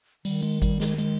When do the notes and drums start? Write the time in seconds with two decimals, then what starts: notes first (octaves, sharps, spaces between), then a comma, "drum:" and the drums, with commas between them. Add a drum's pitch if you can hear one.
0.25 D#3 G3, drum: open hi-hat
0.43 G#3
0.62 G3, drum: kick G1, hi-hat
0.80 G#3, drum: snare
0.98 G#3, drum: hi-hat